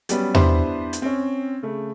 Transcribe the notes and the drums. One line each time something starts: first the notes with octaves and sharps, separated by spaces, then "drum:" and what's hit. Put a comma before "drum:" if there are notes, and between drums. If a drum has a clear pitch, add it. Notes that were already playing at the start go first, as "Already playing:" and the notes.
F#3 G3 B3 C#4, drum: hi-hat
B3 D4 E4 G4 B4 C5, drum: tom E2
drum: hi-hat
C4 C#4
C#3 A3